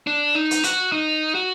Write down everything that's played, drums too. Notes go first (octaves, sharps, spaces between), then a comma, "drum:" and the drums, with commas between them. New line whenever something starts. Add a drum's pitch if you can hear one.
D4
D#4
drum: hi-hat
F#4, drum: hi-hat
D#4
F#4